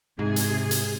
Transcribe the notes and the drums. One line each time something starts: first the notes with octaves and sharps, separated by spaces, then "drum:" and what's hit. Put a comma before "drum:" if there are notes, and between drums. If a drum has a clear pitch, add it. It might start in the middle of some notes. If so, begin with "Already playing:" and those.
G#2 C3 G#4
drum: hi-hat
drum: hi-hat